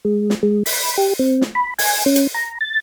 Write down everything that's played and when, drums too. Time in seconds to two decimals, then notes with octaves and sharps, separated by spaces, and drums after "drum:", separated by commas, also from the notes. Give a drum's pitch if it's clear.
0.05 G#3
0.30 drum: snare
0.43 G#3
0.66 B5, drum: open hi-hat
0.98 G4
1.19 C4
1.41 drum: snare
1.55 B5
1.79 G#5, drum: open hi-hat
2.06 C#4
2.16 drum: hi-hat
2.34 A#5
2.61 A6